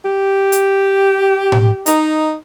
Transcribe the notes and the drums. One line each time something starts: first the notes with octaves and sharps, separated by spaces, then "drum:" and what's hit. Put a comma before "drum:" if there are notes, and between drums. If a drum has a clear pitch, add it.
G4
drum: hi-hat
drum: tom A2
D#4, drum: hi-hat